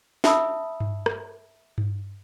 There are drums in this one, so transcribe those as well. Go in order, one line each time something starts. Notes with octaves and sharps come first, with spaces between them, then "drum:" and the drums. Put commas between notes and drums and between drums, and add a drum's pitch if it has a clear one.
E5 A5 B5 D#6 E6, drum: snare
drum: tom G2
drum: rim click
drum: tom G2